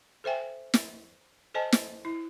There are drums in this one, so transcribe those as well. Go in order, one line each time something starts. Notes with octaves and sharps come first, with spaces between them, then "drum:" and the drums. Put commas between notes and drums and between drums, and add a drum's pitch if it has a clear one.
A4 C5 E5 G5 G#5
drum: snare
A4 C5 D#5 G#5 A5
drum: snare
E4